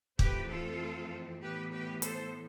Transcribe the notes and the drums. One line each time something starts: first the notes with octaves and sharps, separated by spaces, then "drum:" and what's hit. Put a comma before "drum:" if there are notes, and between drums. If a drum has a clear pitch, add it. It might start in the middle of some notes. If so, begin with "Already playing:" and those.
F2 E3 A3 C4 G4 B4, drum: kick
F4 A4
A2 E3 B3 G4 B4
G4 B4
A4 C5, drum: hi-hat